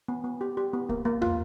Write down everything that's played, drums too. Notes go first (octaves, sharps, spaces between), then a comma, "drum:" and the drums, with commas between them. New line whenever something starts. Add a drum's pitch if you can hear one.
B3
B3
G4
G4
B3
A#3, drum: kick C2
A#3
F4, drum: tom